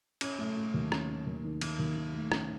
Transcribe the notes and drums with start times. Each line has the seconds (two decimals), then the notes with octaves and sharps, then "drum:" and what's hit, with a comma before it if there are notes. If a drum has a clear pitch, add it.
0.21 C#4, drum: cymbal
0.39 A3
0.57 A3
0.74 D#2
0.92 C#4, drum: rim click
1.09 C#4
1.27 D#2
1.44 D#3
1.61 D#3, drum: cymbal
1.79 D#2
1.97 D#3
2.14 A3
2.32 C#4, drum: rim click